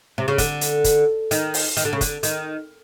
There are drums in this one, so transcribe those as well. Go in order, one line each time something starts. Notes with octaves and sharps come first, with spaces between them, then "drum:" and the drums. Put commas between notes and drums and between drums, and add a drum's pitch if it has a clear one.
C3
C#3
D3, drum: kick, hi-hat
drum: hi-hat
drum: kick, hi-hat
D#3, drum: hi-hat
drum: open hi-hat
D#3, drum: hi-hat
D3
C#3
D3, drum: kick, hi-hat
D#3, drum: hi-hat